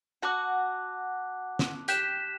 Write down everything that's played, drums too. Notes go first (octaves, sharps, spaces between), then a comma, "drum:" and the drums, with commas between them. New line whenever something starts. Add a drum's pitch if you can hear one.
F#4 F#5 A5 D6 F#6
drum: snare
G4 G5 F#6 B6 E7, drum: hi-hat